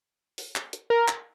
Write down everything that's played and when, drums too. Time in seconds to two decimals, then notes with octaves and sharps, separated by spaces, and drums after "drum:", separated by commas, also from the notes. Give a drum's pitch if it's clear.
0.38 drum: open hi-hat
0.56 drum: clap
0.73 drum: hi-hat
0.90 A#4
1.08 drum: clap